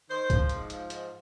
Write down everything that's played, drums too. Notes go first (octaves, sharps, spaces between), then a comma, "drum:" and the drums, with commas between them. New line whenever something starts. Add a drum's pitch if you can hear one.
D#3 C5
F3, drum: kick B1, hi-hat
G#2, drum: hi-hat
F3, drum: hi-hat
G#2, drum: hi-hat